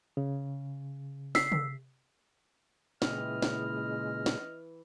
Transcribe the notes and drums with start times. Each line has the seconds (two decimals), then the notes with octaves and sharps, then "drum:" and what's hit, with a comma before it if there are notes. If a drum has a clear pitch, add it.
0.17 C#3
1.35 E6 B6 C7, drum: snare
1.52 drum: tom
3.02 A#2 C#3 E3 G#3 B4 D#5 G5 F6, drum: snare
3.42 drum: snare
4.26 drum: snare